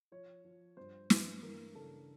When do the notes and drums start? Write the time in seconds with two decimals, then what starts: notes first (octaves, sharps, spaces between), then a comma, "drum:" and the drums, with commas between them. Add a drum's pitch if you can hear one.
0.12 F3 C#5
0.45 F3
0.77 G2 C5
1.10 G2 B4, drum: snare
1.43 E3 A#4
1.75 C#3 A4